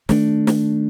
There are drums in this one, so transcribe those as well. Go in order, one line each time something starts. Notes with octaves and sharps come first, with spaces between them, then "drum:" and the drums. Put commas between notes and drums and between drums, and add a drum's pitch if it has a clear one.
D#3 A3 D4, drum: snare
drum: snare